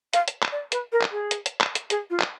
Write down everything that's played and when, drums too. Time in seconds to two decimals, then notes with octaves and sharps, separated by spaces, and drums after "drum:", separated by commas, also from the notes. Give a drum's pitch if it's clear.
0.13 F5, drum: hi-hat
0.28 drum: hi-hat
0.42 drum: clap
0.52 D5
0.72 B4, drum: hi-hat
0.92 A#4
1.02 drum: clap
1.12 G#4
1.31 drum: hi-hat
1.46 drum: hi-hat
1.61 drum: clap
1.75 drum: hi-hat
1.90 G#4, drum: hi-hat
2.10 F4
2.20 drum: clap